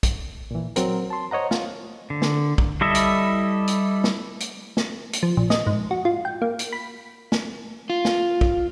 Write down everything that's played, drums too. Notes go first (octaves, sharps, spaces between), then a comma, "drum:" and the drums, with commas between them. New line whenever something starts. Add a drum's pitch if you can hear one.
drum: kick, hi-hat
A#2 E3
F#3 C4 A#4, drum: hi-hat
A5 C6
C5 C#5 D#5 F#5 A#5
F4, drum: snare
D3
drum: snare
drum: kick
G3 E4 A4 D#5 E5
drum: hi-hat
drum: hi-hat
drum: snare
drum: hi-hat
drum: snare
drum: hi-hat
F3
A#1
D#5, drum: snare
G#2
F#4
F4
G5
A#3
drum: hi-hat
B5
drum: snare
F4
drum: snare
drum: kick